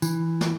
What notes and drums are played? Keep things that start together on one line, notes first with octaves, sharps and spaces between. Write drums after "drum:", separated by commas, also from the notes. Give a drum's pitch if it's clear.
E3, drum: tambourine
drum: snare